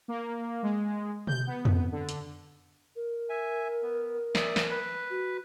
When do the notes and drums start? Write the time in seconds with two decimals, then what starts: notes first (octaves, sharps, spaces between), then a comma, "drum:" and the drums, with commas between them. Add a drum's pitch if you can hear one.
0.08 A#3
0.63 G#3
1.27 G6, drum: tom B2
1.47 B3
1.65 drum: tom F2
1.92 D3
2.09 drum: hi-hat
2.96 A#4
3.30 E5 G#5
3.82 B3
4.35 D5 E5 D#6, drum: snare
4.56 drum: snare
4.70 B4
5.10 F#4